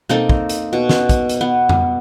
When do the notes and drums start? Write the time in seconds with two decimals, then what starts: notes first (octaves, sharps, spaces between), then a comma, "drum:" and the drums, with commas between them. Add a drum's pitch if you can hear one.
0.09 A#3 C4 D#4 A4, drum: tom B2
0.29 drum: kick
0.49 drum: hi-hat
0.73 B2
0.89 drum: snare
1.09 drum: kick, hi-hat
1.29 drum: hi-hat
1.41 B3
1.69 drum: tom F2